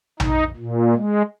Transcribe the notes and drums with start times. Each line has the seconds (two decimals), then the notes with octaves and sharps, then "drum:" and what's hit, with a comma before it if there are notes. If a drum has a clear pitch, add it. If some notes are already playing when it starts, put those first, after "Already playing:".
0.20 D#4, drum: tom A#1
0.57 A#2
0.95 G#3